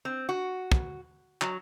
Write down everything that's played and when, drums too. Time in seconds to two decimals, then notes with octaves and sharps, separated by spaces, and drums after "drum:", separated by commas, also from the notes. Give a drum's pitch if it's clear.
0.05 C4
0.29 F#4
0.72 drum: kick
1.41 F#3, drum: clap